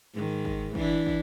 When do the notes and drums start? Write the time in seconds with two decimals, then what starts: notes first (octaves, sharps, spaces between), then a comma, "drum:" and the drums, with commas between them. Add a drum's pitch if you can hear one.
0.14 G#2 D#3
0.45 drum: kick
0.75 E3 D4 E4, drum: kick
1.06 drum: kick